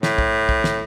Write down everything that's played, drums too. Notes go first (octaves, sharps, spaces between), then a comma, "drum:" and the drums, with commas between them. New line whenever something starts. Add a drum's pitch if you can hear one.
A2, drum: snare
drum: kick
drum: kick
drum: snare